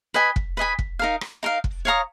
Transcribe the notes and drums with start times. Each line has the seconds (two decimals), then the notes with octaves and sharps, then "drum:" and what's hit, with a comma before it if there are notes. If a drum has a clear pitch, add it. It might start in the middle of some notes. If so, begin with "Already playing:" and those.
0.14 B4 D#5 G#5 B5
0.36 drum: kick
0.57 B4 D#5 G#5 B5
0.79 drum: kick
0.99 D#4 A#4 F5
1.21 drum: rim click
1.43 D#4 A#4 F5
1.64 drum: kick
1.85 C#5 F5 A#5 D#6